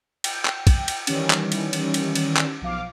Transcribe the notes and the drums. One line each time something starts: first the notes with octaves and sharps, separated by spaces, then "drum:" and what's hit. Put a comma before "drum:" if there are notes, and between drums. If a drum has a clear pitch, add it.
G5, drum: cymbal
drum: clap
drum: kick, cymbal
drum: cymbal
D#3 E3 G3 C#4, drum: cymbal
drum: clap
drum: cymbal
drum: cymbal
drum: cymbal
drum: cymbal
drum: clap
B1 F3 F5 D6